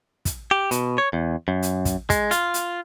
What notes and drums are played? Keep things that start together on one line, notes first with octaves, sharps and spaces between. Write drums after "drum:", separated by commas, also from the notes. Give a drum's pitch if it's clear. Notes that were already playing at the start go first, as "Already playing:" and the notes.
drum: kick, hi-hat
G4
B2, drum: hi-hat
C#5
E2
F#2
drum: hi-hat
drum: kick, hi-hat
G#3, drum: kick, hi-hat
F4, drum: hi-hat
drum: hi-hat